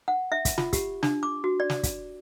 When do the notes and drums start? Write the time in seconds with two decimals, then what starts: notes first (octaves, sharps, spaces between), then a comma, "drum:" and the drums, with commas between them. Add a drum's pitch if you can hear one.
0.08 F#5
0.32 E5
0.45 drum: kick, hi-hat
0.58 F4, drum: snare
0.73 G4, drum: kick, hi-hat
1.03 D4, drum: snare
1.23 D6
1.44 F#4
1.60 D5
1.70 drum: snare
1.83 drum: kick, hi-hat